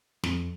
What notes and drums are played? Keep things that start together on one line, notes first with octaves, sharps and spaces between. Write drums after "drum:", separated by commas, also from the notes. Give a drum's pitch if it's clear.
F2, drum: snare